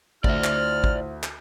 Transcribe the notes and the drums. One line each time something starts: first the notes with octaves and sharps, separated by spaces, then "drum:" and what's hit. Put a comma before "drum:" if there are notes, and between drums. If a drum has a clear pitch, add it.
D2 E4 F4 C5 D5 E5 F6, drum: kick
drum: clap
drum: kick
drum: clap